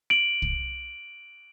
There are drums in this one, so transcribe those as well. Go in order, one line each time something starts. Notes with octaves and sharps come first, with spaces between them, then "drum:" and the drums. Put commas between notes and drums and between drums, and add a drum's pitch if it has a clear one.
D7 F#7
drum: kick